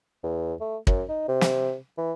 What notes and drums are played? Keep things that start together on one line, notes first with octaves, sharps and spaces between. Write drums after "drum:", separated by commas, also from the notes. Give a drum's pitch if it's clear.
E2
A3
F#2, drum: kick
D#4
C3
drum: snare
E3